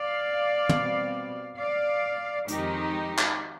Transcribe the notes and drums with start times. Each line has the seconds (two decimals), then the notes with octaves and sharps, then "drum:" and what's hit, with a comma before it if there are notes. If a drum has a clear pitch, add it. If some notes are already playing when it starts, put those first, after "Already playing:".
Already playing: D5 F5
0.69 B2 G3 C4, drum: tom
1.58 D5 F5
2.48 F2 D#3 G#3 D#4 G4, drum: hi-hat
3.18 drum: clap